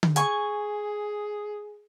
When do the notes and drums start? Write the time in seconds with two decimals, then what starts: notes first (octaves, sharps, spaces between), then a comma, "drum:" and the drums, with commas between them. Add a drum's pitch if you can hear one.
0.03 drum: tom D3
0.16 G#4 G#5 C#6, drum: hi-hat